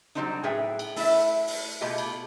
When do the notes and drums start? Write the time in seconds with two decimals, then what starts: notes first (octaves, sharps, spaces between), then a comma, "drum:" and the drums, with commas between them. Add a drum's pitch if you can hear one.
0.15 F#3 G3 A3 C4 D4 D#4
0.43 A2 G#4 B4 E5 G5
0.79 drum: cymbal
0.96 A3 E4 E5, drum: open hi-hat
1.47 drum: open hi-hat
1.81 B2 A3 F4 G4 G#4 D#5
1.98 drum: cymbal